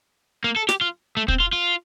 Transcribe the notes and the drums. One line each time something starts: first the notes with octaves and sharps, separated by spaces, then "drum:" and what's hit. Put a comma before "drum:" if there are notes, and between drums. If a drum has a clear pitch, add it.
A#3
A4
G4, drum: snare
F4
A3
C4, drum: kick
F4
F4